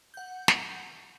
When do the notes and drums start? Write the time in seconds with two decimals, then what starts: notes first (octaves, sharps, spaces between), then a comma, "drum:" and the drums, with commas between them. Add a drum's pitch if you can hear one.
0.14 F#5 G6
0.48 drum: snare